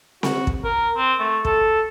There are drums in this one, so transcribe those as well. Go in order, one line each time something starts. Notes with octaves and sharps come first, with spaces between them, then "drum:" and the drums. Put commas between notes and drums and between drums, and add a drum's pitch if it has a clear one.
F#4, drum: snare C4
drum: kick
A#4
C4
A3
A4, drum: kick